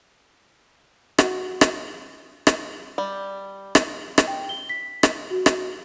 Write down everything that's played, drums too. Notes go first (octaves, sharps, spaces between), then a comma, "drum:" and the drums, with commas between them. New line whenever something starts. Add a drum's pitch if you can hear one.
F#4, drum: rim click
drum: rim click
drum: rim click
G3
drum: rim click
drum: rim click
G5
G7
B6
drum: rim click
F#4
drum: rim click